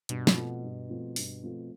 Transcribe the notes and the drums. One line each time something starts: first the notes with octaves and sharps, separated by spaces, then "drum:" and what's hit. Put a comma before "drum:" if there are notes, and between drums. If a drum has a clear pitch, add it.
G2 B2, drum: hi-hat
drum: snare
F3 A3 C4 F4
G2
F3 A3 C4 F4
G2, drum: open hi-hat
F3 A3 C4 F4